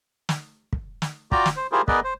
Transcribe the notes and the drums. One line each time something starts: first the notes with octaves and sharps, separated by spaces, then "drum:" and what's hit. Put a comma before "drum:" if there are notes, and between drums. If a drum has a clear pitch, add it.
drum: snare
drum: kick
drum: snare
F4 F#4 D5 G5 A#5 D6, drum: kick
drum: snare
C5
E4 F4 G4 G#4 A#4 C5
B3 G#4 A#4 B4 D5 D#5, drum: kick
C5